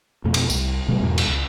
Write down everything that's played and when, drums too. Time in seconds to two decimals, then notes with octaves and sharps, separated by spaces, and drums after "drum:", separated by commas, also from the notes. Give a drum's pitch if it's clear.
0.25 F2 B2 A3
0.34 drum: cymbal
0.50 C2, drum: tambourine
0.88 B2 F#3 G3 A3
1.00 E2 G#2 B2 G#3
1.18 drum: cymbal
1.27 C#2